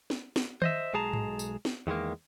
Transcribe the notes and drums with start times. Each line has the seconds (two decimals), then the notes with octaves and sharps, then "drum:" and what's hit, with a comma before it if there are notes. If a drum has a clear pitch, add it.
0.10 drum: snare
0.36 drum: snare
0.62 C5 D#5 E5, drum: tom D#3
0.93 B1 G#3 G#4 A5 A#5
1.13 drum: tom G#2
1.39 drum: tambourine
1.65 drum: snare
1.87 E2 D#3 G#3 A#3